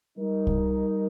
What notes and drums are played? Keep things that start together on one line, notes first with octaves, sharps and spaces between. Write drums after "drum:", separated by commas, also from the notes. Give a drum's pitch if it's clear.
G3 D#4 A#4
drum: kick C2